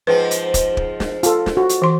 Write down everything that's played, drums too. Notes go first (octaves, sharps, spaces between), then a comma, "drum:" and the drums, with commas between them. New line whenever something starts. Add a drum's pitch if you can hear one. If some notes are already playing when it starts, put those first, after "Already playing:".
G#2 F3 C4 B4
drum: hi-hat
drum: kick, hi-hat
drum: kick
drum: snare
F4 A4, drum: hi-hat
drum: snare
F#4
drum: hi-hat
E3 C6